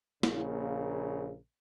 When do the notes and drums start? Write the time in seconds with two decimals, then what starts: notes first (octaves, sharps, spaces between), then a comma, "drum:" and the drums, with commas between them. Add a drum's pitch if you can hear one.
0.23 A#1 C#3 A#3, drum: snare